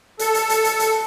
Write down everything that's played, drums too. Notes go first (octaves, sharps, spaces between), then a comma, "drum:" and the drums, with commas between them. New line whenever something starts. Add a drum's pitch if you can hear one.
A4, drum: hi-hat
drum: hi-hat
drum: hi-hat
drum: hi-hat
drum: hi-hat